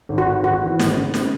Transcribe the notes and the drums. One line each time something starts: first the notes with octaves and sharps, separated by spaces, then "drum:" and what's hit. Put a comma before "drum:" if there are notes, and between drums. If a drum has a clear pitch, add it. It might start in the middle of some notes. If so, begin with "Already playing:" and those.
G#1
F#4
G#2
G#1 F#4
E3
G#1, drum: snare
C#3
drum: snare